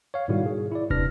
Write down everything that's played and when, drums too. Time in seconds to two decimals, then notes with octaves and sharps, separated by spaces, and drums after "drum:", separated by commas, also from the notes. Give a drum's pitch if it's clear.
0.14 C#5 F5
0.28 G#2 B2 D#3 G3 E4 F#4
0.46 G#4
0.72 E4 D5
0.90 D#2 C3 D4 B4 F6 A#6, drum: kick